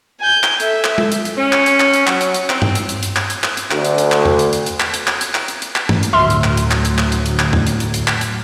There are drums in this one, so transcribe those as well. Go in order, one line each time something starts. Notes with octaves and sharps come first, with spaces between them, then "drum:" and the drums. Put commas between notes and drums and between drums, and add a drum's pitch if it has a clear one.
G#5 G6
drum: clap
A4 E5, drum: hi-hat
drum: clap
drum: tom G#3
drum: hi-hat
drum: hi-hat
C#4
drum: clap
drum: hi-hat
drum: clap
drum: hi-hat
F#3, drum: clap
drum: hi-hat
drum: hi-hat
C4, drum: clap
drum: tom G2
drum: hi-hat
drum: hi-hat
drum: hi-hat
drum: clap
drum: hi-hat
drum: clap
drum: hi-hat
D2, drum: clap
drum: hi-hat
drum: hi-hat
drum: clap
drum: tom E2
drum: hi-hat
drum: hi-hat
drum: hi-hat
drum: clap
drum: hi-hat
drum: clap
drum: hi-hat
drum: clap
drum: hi-hat
drum: hi-hat
drum: clap
drum: tom G2
drum: hi-hat
D2 A2 F#3 E5 C6 F6
drum: hi-hat
drum: clap
drum: hi-hat
drum: clap
drum: hi-hat
drum: clap
drum: hi-hat
drum: hi-hat
drum: clap
drum: tom E2
drum: hi-hat
drum: hi-hat
drum: hi-hat
drum: clap
drum: hi-hat